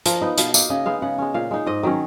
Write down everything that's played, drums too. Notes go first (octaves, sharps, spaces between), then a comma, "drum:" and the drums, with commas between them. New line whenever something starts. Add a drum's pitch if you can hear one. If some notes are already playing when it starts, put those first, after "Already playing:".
F3 A#4, drum: hi-hat
B3 D#4
B2 F5, drum: hi-hat
A#3 D#4, drum: tambourine
C#3 D#5
G#3 B3 D#4 F5
C#3 F#5
G#3 C#4
A#2 F5
G#3 D#4
G#2 D#5
D#3 F#3 C#4